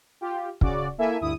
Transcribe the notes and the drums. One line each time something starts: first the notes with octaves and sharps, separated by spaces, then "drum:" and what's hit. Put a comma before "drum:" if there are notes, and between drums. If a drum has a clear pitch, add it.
F4 G4
C#3 F#4 D5, drum: kick
A#3 E4 A4 E5 G#5
D2 G2 E4 D#6